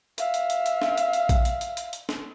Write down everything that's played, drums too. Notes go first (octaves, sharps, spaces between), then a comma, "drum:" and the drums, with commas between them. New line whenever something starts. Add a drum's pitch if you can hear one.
E5 F5, drum: hi-hat
drum: hi-hat
drum: hi-hat
drum: hi-hat
drum: snare
drum: hi-hat
drum: hi-hat
drum: kick A#1, hi-hat
drum: hi-hat
drum: hi-hat
drum: hi-hat
drum: hi-hat
drum: snare